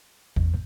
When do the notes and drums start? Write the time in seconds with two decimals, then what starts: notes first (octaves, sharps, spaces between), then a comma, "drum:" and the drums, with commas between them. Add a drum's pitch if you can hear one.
0.36 E2, drum: kick G#1